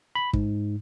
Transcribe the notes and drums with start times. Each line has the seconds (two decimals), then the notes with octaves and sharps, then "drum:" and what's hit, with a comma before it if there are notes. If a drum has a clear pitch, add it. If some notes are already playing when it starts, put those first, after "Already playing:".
0.15 B5
0.33 G#2, drum: kick